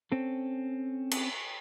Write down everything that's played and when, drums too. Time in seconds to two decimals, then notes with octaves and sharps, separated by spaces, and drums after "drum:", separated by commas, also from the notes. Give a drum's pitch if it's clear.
0.12 C4 C#4 A4
1.11 drum: cymbal